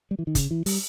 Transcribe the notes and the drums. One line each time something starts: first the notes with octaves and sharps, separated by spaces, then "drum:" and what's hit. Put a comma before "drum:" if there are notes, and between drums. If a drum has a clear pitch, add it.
G3
E3
D#3
C#3, drum: kick, hi-hat
E3
G3, drum: open hi-hat